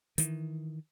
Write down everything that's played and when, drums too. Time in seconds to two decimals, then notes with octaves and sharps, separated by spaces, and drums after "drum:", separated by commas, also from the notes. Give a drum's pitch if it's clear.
0.18 D#3 E3, drum: hi-hat